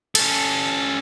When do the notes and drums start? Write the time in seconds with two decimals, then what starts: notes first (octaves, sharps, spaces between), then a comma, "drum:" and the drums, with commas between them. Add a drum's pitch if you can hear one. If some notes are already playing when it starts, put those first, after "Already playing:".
0.15 C#4 A4, drum: cymbal